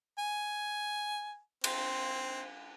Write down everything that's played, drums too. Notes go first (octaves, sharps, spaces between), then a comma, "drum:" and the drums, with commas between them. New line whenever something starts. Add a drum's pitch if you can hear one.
G#5
C4, drum: cymbal